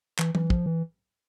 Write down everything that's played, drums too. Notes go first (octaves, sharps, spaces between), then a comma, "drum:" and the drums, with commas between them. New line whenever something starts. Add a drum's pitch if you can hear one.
E3, drum: clap
E3, drum: tom
F3, drum: kick
E3